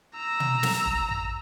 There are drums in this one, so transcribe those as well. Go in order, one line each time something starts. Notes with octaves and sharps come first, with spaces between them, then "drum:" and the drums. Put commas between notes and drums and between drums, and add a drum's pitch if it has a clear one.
A#5 E6
drum: tom
drum: snare
drum: kick F1
drum: tom A1